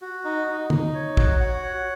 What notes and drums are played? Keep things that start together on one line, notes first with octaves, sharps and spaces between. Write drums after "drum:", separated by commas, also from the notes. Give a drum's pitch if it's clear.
F#4
D#4
D#4
D#4, drum: tom
C#5
F#4, drum: kick
F#5
C#5